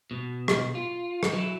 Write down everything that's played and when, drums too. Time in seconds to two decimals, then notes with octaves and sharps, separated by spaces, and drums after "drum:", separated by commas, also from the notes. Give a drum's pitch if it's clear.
0.11 B2
0.48 drum: rim click
0.75 F4
1.23 drum: rim click
1.33 F#3 E4